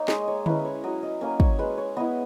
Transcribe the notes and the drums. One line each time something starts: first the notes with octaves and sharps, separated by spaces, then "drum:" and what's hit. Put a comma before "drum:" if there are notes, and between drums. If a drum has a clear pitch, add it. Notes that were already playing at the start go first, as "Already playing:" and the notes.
Already playing: A#3 D#4 C#5
G#3 D#5, drum: snare
C#5
C#4 E4 B4, drum: tom D3
D#5
C#5
F#3 D#5
D#5
A#3 C#4 D#5
C#5, drum: kick
G#3 B4
C#5
B3 E4 D#5